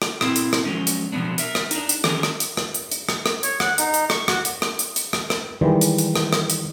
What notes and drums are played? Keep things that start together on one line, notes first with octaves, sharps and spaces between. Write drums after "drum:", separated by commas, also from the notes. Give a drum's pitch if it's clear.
drum: rim click
A#2 C4 E4, drum: rim click
drum: hi-hat
drum: rim click
F3 F#3 G#3 C#4
drum: hi-hat
B2 F3 F#3 G#3 B3 D4
A#4 E5, drum: hi-hat
drum: rim click
D4 D#4, drum: hi-hat
drum: hi-hat
D#3 E3 F#3 C#4 G#4 A#4, drum: rim click
drum: rim click
drum: hi-hat
drum: rim click
drum: hi-hat
drum: hi-hat
drum: rim click
drum: rim click
C#5, drum: hi-hat
F#5, drum: rim click
D#4, drum: hi-hat
drum: hi-hat
C#6, drum: rim click
F#4, drum: rim click
drum: hi-hat
drum: rim click
drum: hi-hat
drum: hi-hat
drum: rim click
drum: rim click
D#3 E3 G3 G#3
drum: hi-hat
drum: hi-hat
drum: rim click
drum: rim click
drum: hi-hat